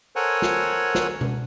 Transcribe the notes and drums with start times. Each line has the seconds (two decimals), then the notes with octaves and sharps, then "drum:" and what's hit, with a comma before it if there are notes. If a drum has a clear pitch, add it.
0.16 A4 A#4 C5 C#5 F#5 G#5
0.42 drum: snare
0.95 drum: snare
1.21 drum: tom B2